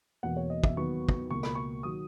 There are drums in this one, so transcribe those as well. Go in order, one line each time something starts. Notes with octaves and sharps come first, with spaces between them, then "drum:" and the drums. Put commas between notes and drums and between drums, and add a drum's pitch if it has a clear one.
E1 E2 B2 A#3 F#5
C#5
D#5
E5, drum: kick
D#2 D#3 F#3 B3 C#6
drum: kick
C#2 B2 A#3 C#6
B5, drum: rim click
C#6
D#3 F#3 D#6